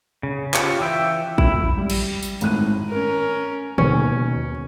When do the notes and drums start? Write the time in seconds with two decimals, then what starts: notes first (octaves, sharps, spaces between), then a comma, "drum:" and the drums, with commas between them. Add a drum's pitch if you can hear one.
0.23 C#3
0.54 F4 G4 C#5, drum: clap
0.80 E3 E5 G5
1.38 E4, drum: kick
1.77 G3
1.90 drum: cymbal
2.23 drum: tambourine
2.41 G#1 A2 F#6 D#7, drum: hi-hat
2.89 C#4 A#4
3.78 D#2 B2 C#4, drum: tom C3